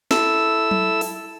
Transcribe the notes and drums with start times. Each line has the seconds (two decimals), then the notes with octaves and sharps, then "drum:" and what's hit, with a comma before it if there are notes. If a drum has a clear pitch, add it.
0.11 E4 A4 E6, drum: snare
0.71 drum: tom F#3
1.01 drum: open hi-hat